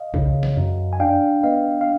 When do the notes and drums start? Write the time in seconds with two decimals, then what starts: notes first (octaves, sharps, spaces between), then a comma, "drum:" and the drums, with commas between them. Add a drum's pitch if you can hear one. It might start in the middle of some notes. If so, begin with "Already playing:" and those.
Already playing: D#5 F5
0.14 C#3, drum: kick B1
0.43 drum: snare
0.57 F#2
0.93 G#5
1.00 D4 F5 G5
1.43 B3 D#5 F5
1.81 F5